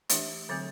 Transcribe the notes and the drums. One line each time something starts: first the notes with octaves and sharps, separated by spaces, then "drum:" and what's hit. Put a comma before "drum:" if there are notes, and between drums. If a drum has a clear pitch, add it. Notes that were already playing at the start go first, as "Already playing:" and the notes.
E3 A3 D4 G4, drum: hi-hat
D3 F#3 A3 C4